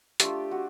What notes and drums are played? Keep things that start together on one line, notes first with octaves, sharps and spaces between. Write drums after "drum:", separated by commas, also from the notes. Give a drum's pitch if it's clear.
A3 D4 F4 G4, drum: hi-hat
F#4